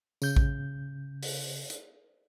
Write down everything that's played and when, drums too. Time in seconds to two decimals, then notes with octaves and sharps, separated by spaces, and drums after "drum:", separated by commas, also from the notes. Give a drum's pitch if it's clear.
0.22 C#3 G6, drum: tambourine
0.36 drum: kick A#1
1.23 drum: open hi-hat
1.70 drum: hi-hat